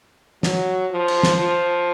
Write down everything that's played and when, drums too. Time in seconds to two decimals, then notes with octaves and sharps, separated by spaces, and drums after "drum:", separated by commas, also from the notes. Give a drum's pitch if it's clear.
0.43 F#3, drum: snare
0.91 F3
1.08 drum: cymbal
1.23 drum: snare
1.37 F3